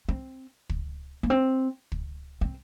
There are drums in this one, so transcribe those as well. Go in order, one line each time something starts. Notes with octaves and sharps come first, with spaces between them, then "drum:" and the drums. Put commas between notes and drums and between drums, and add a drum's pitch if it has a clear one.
C4
drum: kick
A#3
C4
drum: kick
C4